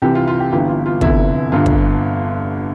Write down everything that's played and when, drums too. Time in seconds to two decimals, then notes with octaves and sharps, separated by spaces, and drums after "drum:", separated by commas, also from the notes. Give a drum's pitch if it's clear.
0.02 C2 C3 E3 G4
0.15 F4
0.28 F4
0.40 G4
0.52 G1 G2 E3 G4
0.68 F4
0.86 F4
1.01 F1 E2 D3 F3 E4, drum: kick
1.52 G1 G2 D3 F4
1.66 drum: kick